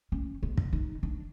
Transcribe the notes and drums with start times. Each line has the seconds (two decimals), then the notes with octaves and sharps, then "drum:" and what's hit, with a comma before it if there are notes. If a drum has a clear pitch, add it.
0.12 C#4
0.43 B3
0.57 drum: kick
0.73 D#4
1.03 D4